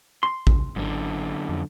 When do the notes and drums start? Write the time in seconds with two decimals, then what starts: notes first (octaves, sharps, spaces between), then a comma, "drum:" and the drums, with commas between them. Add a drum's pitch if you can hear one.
0.23 C6
0.47 C#2, drum: kick A1
0.76 G#1 F#2 D3
1.49 F2